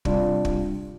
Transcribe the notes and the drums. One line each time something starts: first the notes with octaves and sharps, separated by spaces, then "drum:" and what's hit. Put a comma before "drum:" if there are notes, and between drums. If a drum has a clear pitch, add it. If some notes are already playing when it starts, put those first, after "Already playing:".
C3 G3 D4 F4, drum: kick
drum: kick